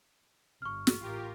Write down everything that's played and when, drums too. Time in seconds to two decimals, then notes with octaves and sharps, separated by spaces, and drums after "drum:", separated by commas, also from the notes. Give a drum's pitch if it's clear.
0.62 G1 C#6 F6
0.87 drum: snare
1.01 A1 F4 G4 A#4